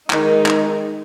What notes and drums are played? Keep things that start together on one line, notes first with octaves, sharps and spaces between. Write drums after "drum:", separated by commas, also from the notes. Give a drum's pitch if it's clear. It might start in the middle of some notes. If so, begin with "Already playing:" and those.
D#3 G#3 D#4, drum: clap
drum: clap